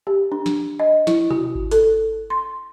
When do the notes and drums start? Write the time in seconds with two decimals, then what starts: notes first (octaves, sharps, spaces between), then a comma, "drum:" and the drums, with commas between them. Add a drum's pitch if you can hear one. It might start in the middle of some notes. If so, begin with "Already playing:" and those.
0.07 G4
0.32 D4
0.46 drum: snare
0.79 D#5
1.07 E4, drum: snare
1.30 F#4, drum: tom B2
1.55 drum: kick G#1
1.71 A4, drum: hi-hat
2.30 C6